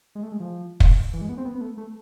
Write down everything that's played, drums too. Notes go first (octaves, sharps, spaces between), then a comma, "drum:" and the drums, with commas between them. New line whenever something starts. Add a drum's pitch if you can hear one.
G#3
A3
G#3
F3
drum: kick
E3
G#3
B3
C4
B3
B3
A3
A3